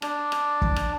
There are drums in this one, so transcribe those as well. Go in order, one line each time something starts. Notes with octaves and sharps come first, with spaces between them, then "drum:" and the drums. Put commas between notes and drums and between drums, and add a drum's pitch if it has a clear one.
D4, drum: rim click
drum: rim click
drum: kick
drum: rim click